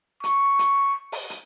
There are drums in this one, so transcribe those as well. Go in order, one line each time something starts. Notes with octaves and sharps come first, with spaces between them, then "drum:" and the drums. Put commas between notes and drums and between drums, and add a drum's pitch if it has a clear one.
C#6, drum: hi-hat
drum: hi-hat
drum: open hi-hat
drum: hi-hat